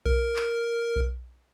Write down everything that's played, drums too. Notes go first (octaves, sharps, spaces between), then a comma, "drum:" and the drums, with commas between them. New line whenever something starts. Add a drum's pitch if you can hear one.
A#4, drum: kick B1
drum: clap
drum: kick B1